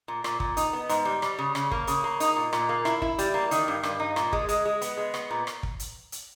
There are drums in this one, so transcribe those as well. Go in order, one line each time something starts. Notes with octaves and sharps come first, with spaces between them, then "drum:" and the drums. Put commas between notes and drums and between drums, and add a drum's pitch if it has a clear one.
A#2
A#2, drum: rim click
A#2, drum: kick
D#4, drum: hi-hat
B3
G#2, drum: hi-hat
G3
G3, drum: rim click
C#3
C#3, drum: rim click
A#3, drum: kick
C#3, drum: hi-hat
A#3
D#4, drum: hi-hat
A#2
A#2, drum: rim click
A#3
E4, drum: rim click
E4, drum: kick
G3, drum: hi-hat
A#3
D#3, drum: hi-hat
G2
G2, drum: rim click
D#4
A#2, drum: rim click
G#3, drum: kick
G#3, drum: hi-hat
G#3
B3, drum: hi-hat
G#3
B3, drum: rim click
A#2
drum: rim click
drum: kick
drum: hi-hat
drum: hi-hat